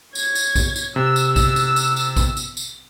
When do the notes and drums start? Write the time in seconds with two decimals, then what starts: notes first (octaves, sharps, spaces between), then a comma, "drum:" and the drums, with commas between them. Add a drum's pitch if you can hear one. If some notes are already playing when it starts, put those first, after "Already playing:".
0.15 C#5 G#6, drum: tambourine
0.35 drum: tambourine
0.56 drum: kick A#1, tambourine
0.76 drum: tambourine
0.96 C3 E6
1.16 drum: tambourine
1.36 drum: kick A#1, tambourine
1.56 drum: tambourine
1.76 drum: tambourine
1.96 drum: tambourine
2.17 drum: kick A#1, tambourine
2.37 drum: tambourine
2.57 drum: tambourine